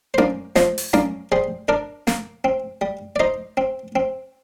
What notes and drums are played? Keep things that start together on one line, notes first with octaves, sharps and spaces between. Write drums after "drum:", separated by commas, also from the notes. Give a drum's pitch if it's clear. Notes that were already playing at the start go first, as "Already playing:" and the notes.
C5
A#3 A#4 D5, drum: tom C#4
F3 C5 D#5, drum: snare
drum: open hi-hat
A#3 A#4 D5, drum: tom C#4
G3 G#4 C5
D4 A#4 D5
A#3, drum: snare
C4
G3
D5
D#4 C5 D#5
C4
C4